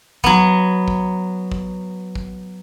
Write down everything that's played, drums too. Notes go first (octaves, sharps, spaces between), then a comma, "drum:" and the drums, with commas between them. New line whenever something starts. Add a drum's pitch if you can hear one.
F#3 B3, drum: kick
drum: kick
drum: kick
drum: kick